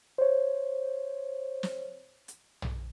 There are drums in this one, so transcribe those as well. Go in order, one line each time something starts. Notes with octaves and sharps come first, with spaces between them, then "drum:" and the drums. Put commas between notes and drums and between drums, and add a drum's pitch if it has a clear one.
C5 C#5
drum: snare
drum: hi-hat
drum: tom